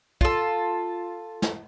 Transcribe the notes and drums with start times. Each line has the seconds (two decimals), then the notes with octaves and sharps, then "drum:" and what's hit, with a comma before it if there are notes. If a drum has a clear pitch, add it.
0.21 F4 A4, drum: kick
1.42 drum: snare